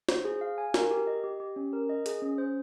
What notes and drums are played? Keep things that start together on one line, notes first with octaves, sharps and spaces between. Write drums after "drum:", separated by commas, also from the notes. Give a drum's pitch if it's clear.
C5, drum: snare
G#4
F5
G#5
A#4, drum: snare
G4
D#5
G4
G4
C#4
A#4
D#5
G#4, drum: hi-hat
C#4
C5